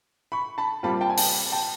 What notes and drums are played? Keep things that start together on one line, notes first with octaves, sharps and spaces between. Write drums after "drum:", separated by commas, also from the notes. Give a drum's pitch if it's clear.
B5 C#6
A5 B5
A#2 G3 C4 F4 A5 B5
G5 A5
G#5
G5 A5, drum: open hi-hat
G5 A5